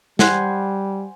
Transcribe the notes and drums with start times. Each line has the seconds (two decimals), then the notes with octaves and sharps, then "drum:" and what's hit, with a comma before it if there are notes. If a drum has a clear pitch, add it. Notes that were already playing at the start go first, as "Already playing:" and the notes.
0.19 G3 C5 F#5 G#5, drum: snare